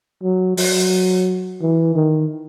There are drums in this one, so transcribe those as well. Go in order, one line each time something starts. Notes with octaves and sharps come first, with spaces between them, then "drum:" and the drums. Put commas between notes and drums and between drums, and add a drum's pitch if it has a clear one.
F#3
F#3, drum: open hi-hat
E3
D#3